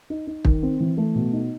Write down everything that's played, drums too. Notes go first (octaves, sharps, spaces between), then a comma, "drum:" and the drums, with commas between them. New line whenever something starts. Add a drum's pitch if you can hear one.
D#4
D#4
D#3, drum: kick
C4
E3
A3
B2
D#4